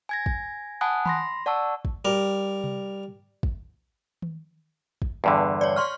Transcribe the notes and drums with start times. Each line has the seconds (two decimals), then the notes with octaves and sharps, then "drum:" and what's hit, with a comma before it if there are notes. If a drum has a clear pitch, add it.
0.09 G#5 G#6 A#6
0.26 drum: kick
0.81 F#5 G#5 A5 B5 D#6 F#6
1.06 B5 C6 A#6, drum: tom D#3
1.46 D5 F#5 A5 C#6 E6
1.85 drum: kick
2.05 G3 A#4
2.64 drum: tom C3
3.43 drum: kick
4.22 drum: tom D#3
5.02 drum: kick
5.24 E2 G2 D3
5.61 C#5 D5
5.76 C6 C#6 F6